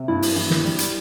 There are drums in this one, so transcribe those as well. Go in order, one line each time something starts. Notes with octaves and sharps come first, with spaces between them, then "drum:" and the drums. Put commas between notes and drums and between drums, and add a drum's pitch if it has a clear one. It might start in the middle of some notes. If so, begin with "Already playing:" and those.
Already playing: C3
G2 E4
drum: open hi-hat
E3
drum: snare
G3
drum: hi-hat